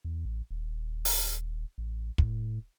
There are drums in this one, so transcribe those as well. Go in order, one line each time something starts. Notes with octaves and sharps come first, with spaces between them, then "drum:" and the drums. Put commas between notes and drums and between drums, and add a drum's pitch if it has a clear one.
E2
A1
D#1
drum: open hi-hat
A1
A2, drum: kick